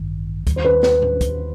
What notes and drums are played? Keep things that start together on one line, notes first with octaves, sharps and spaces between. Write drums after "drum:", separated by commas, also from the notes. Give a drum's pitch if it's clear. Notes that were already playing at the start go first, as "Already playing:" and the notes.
Already playing: A1 G2 D#3
D#2 D#3 G3, drum: kick, hi-hat
C5
B4
B4, drum: snare
drum: tom A2
drum: kick, hi-hat